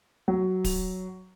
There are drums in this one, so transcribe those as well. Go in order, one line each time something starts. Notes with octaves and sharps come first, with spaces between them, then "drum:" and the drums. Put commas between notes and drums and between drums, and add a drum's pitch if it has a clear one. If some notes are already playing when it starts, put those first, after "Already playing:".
F#3
drum: kick D1, open hi-hat